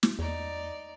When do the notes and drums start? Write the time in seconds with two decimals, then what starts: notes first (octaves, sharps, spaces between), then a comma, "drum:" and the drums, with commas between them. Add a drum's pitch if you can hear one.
0.03 drum: snare
0.19 E2 D#4 D5